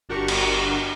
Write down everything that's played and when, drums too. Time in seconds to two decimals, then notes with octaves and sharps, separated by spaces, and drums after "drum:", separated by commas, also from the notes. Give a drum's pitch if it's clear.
0.09 G1 D4 F#4 G4 A#4 C#6
0.28 drum: cymbal